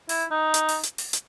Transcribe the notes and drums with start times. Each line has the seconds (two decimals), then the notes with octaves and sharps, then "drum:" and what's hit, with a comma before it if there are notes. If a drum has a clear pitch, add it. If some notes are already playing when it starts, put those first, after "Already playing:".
0.09 E4, drum: open hi-hat
0.31 D#4
0.54 drum: hi-hat
0.69 drum: open hi-hat
0.83 drum: hi-hat
0.98 drum: open hi-hat
1.13 drum: hi-hat